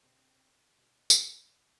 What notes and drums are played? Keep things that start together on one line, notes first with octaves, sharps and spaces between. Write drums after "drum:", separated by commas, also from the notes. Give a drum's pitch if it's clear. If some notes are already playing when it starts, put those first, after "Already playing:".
B2 G3 C4 D4 G4
B2 G3 D4 G4
drum: tambourine